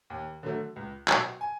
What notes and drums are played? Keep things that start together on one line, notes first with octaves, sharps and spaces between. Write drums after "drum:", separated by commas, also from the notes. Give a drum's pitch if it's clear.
D#2
D3 F#3 A3
C#2
F#3, drum: clap
B2
G#5